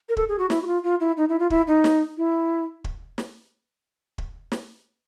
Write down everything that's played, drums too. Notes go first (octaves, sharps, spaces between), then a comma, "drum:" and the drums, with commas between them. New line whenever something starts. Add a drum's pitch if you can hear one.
A#4
A4, drum: kick
G#4
F#4
E4, drum: snare
F#4
F4
F4
E4
D#4
E4
F4
E4, drum: kick
D#4
drum: snare
E4
drum: kick
drum: snare
drum: kick
drum: snare